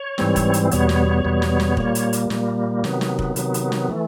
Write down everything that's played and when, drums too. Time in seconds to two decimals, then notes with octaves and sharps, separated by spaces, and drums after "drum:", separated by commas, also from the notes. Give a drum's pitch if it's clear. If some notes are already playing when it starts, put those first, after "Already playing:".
Already playing: C#5
0.18 G#2 E3 G3 C4, drum: snare
0.36 drum: kick F1, hi-hat
0.54 drum: hi-hat
0.71 E2 B2 G3 B3 C#5, drum: hi-hat
0.89 drum: snare
1.25 E2 B2 G3 B3
1.42 drum: snare
1.60 drum: snare
1.77 A#2 G3 A#3, drum: kick F1
1.95 drum: hi-hat
2.13 drum: hi-hat
2.30 A#2 G3 A#3, drum: snare
2.84 C3 D#3 F#3 B3, drum: snare
3.01 drum: snare
3.19 drum: kick F1
3.36 C3 D#3 F#3 B3, drum: hi-hat
3.54 drum: hi-hat
3.72 drum: snare
3.90 E3 A3